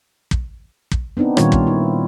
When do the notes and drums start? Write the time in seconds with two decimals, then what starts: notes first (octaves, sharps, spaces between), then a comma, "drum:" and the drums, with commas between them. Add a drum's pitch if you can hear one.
0.31 drum: kick
0.91 drum: kick
1.17 B3 C4 D4 D#4
1.37 A#2 D#3 G3 D4 F4 C#5, drum: rim click
1.52 drum: kick
1.67 E4